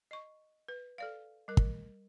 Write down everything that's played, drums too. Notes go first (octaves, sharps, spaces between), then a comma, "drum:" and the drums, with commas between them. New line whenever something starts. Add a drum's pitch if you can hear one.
D#5 C#6
B4
A4 D5 F5
G3 A#4
drum: kick